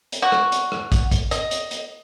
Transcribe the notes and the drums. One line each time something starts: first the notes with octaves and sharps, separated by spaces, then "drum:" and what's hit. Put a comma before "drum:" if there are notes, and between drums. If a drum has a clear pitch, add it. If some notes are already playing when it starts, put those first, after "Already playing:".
drum: hi-hat
F#4
drum: rim click
drum: hi-hat
drum: rim click
drum: kick, hi-hat
drum: kick, hi-hat
D#5, drum: hi-hat
drum: hi-hat
drum: hi-hat